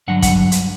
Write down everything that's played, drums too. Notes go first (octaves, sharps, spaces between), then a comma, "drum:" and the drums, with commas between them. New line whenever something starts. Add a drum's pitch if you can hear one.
G2 D3 F#3 F#5
F#5, drum: kick, hi-hat
drum: hi-hat